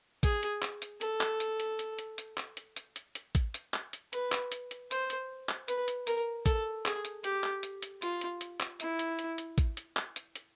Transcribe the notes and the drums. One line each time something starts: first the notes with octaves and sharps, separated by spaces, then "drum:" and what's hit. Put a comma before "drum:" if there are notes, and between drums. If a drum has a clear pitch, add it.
G#4, drum: kick A1, hi-hat
drum: hi-hat
drum: clap
drum: hi-hat
A4, drum: hi-hat
drum: clap
drum: hi-hat
drum: hi-hat
drum: hi-hat
drum: hi-hat
drum: hi-hat
drum: clap
drum: hi-hat
drum: hi-hat
drum: hi-hat
drum: hi-hat
drum: kick A1, hi-hat
drum: hi-hat
drum: clap
drum: hi-hat
B4, drum: hi-hat
drum: clap
drum: hi-hat
drum: hi-hat
C5, drum: hi-hat
drum: hi-hat
drum: clap
B4, drum: hi-hat
drum: hi-hat
A#4, drum: hi-hat
A4, drum: kick A1, hi-hat
G#4, drum: clap
drum: hi-hat
G4, drum: hi-hat
drum: clap
drum: hi-hat
drum: hi-hat
F4, drum: hi-hat
drum: hi-hat
drum: hi-hat
drum: clap
E4, drum: hi-hat
drum: hi-hat
drum: hi-hat
drum: hi-hat
drum: kick A1, hi-hat
drum: hi-hat
drum: clap
drum: hi-hat
drum: hi-hat